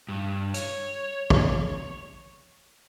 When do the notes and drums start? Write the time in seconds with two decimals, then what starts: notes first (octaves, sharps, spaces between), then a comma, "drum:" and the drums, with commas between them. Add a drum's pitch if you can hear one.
0.09 G2
0.54 C#5, drum: hi-hat
1.30 drum: kick